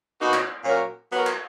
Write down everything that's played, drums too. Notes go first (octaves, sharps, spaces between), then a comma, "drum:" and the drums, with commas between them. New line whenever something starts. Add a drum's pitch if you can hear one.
B2 A#3 D#4 F#4
drum: clap
A#2 F#3 C#4 F#4 A#4
F#3 B3 F#4 A#4
drum: clap